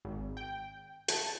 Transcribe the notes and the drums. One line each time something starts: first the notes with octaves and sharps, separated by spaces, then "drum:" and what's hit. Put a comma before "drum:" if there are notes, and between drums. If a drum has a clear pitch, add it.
G#1
G5
A5, drum: hi-hat